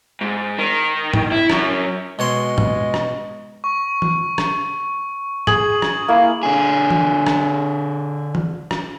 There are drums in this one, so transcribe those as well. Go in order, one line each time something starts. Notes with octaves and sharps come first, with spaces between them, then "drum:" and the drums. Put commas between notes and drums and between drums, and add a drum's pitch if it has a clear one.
G#2
D#3
drum: tom
E4
F#2, drum: rim click
B2 G#3 C#5 C6
drum: tom
drum: rim click
C#6
drum: tom E3
drum: rim click
G#4 F#7, drum: tom
drum: rim click
A#3 E4
D3 G#4
drum: tom E3
drum: rim click
drum: tom E3
drum: rim click